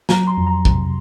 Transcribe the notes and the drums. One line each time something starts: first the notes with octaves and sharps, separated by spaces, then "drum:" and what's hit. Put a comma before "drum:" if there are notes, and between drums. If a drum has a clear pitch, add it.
F#3 A#5, drum: snare
C6
F2
A#5
C3, drum: kick B1